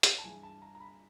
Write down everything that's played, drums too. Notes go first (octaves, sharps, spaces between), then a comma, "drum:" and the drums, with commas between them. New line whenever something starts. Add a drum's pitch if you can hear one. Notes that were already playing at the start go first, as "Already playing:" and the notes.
drum: hi-hat
A5
G2 E3 G#3 G#5
A5
A#5
A#5
B5